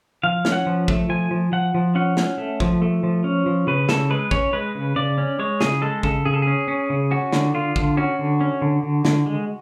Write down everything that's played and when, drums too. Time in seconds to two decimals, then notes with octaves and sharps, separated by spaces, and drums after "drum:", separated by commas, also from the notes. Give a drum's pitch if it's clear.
0.23 F3 F5
0.45 C#4, drum: snare
0.52 F#5
0.66 F3
0.88 A3, drum: kick
1.09 F3 G#5
1.31 F3
1.52 F3 F#5
1.74 F3
1.95 C#4 F#5
2.17 C#4, drum: snare
2.38 A3
2.60 F3, drum: kick
2.82 A3
3.03 F3
3.24 C#4
3.46 F3
3.67 C#3 B4
3.89 C#3 A4, drum: snare
4.10 G#3 B4
4.31 C#4 C#5, drum: kick
4.53 G#3 B4
4.75 C#3
4.96 C#3 D5
5.18 C#4
5.39 G#3 C#5
5.61 C#3 G#4, drum: snare
5.82 G#3 A4
6.03 C#3 A4, drum: kick
6.25 C#3 G#4
6.34 A4
6.42 C#4 G#4
6.68 C#4
6.90 C#3
7.11 C#4 F#4
7.32 D3, drum: snare
7.54 D3 F4
7.76 D3, drum: kick
7.97 C#4 F#4
8.19 D3
8.41 C#4
8.62 D3
8.83 D3
9.05 D3, drum: snare
9.26 G#3